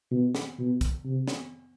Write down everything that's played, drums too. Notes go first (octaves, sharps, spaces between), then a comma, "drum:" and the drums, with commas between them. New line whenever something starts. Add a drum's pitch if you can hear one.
B2
drum: snare
B2
drum: kick, hi-hat
C3
drum: snare